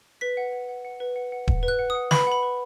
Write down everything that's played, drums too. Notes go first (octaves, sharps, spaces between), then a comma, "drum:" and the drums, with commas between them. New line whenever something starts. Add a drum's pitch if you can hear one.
B4 B6
F#5
F#5
F#5
F#5
B4
F#5
F#5
F#5, drum: kick D#1
B4
F#6
F#5
F#5 D#6
B4 B5, drum: snare
F#5 B5
B4